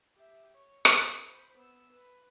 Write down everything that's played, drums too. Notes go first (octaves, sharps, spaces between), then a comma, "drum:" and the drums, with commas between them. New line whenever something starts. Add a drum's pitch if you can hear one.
G4 E5
C#5
G#4 F5, drum: rim click
C5 B5
B3 E6
B4